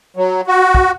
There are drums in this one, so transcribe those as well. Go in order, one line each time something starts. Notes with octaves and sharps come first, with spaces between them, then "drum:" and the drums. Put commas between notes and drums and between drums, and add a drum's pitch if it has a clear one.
F#3
F#4
drum: kick